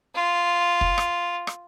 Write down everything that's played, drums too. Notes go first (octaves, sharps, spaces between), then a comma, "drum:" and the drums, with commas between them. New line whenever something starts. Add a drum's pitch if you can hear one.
F4
drum: kick
drum: rim click
drum: rim click